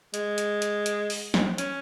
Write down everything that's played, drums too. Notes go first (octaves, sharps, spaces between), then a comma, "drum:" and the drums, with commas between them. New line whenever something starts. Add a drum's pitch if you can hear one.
G#3, drum: hi-hat
drum: hi-hat
drum: hi-hat
drum: hi-hat
drum: open hi-hat
drum: snare
C#4, drum: hi-hat